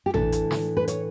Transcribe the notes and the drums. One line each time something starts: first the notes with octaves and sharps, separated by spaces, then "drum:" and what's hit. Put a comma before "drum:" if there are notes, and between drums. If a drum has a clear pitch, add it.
G4
A2 E3 A3 D4 A4, drum: tom A1
drum: hi-hat
drum: snare
B4
C#5, drum: hi-hat